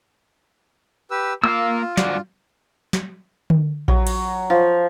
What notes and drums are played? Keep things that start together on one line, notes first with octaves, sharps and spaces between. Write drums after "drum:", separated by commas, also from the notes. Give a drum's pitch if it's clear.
G4 B4 E6
A#3 F4 F5 E6
G2 F#4 D5, drum: snare
drum: snare
drum: tom D3
F#3, drum: kick A#1
drum: cymbal
F3